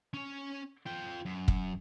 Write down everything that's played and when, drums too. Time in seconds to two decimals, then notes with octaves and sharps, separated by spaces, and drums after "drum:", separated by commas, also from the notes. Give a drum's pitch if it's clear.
0.14 C#4 C#5
0.86 F4 G5
1.25 F#2
1.48 drum: kick